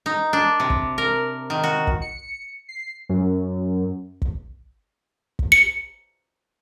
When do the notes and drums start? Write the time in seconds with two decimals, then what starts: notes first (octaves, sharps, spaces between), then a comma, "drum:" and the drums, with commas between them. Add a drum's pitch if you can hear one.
0.06 D#4
0.33 D4
0.60 C3
0.70 drum: kick
0.98 A#4
1.50 D#3
1.64 F#4
1.87 drum: kick
2.02 C#7
2.69 C7
3.09 F#2
4.22 drum: kick
5.39 drum: kick
5.52 C#7